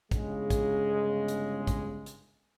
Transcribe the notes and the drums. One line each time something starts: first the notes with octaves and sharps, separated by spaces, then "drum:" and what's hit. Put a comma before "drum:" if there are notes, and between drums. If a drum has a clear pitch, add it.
G1 C#3 G#3, drum: kick, hi-hat
drum: kick, hi-hat
drum: hi-hat
drum: kick, hi-hat
drum: hi-hat